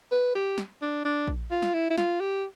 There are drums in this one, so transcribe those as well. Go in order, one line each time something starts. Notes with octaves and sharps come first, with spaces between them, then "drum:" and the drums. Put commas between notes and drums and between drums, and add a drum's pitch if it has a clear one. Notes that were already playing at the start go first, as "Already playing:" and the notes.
B4
G4
drum: snare
D4
D4
drum: kick A#1
F4
drum: snare
E4
E4
F4, drum: snare
G4